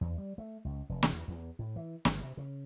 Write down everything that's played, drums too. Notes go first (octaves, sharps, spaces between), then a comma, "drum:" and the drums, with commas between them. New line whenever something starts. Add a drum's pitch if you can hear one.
E2
G3
A3
C#2
F1
drum: snare
E2
E2
A2
E3
G1, drum: snare
C3
C#3